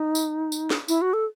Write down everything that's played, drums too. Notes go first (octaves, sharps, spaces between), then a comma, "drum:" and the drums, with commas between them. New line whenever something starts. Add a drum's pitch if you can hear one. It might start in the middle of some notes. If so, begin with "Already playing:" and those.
Already playing: D#4
drum: tambourine
drum: tambourine
drum: snare
E4, drum: tambourine
F#4
A4